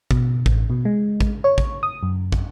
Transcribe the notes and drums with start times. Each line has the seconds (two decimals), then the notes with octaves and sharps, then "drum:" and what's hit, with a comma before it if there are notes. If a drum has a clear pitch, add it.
0.11 B2, drum: kick
0.46 A1, drum: kick
0.70 B2
0.85 G#3
1.21 drum: kick
1.44 C#5
1.58 drum: kick
1.83 D#6
2.03 F#2
2.32 drum: kick